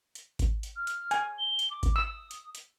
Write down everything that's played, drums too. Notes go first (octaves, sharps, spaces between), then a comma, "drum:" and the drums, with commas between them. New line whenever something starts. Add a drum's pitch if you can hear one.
drum: hi-hat
drum: kick G#1, hi-hat
drum: hi-hat
F6
drum: hi-hat
G#5, drum: hi-hat
G7
drum: hi-hat
D6
drum: kick G#1, hi-hat
D#6 E6
drum: hi-hat
drum: hi-hat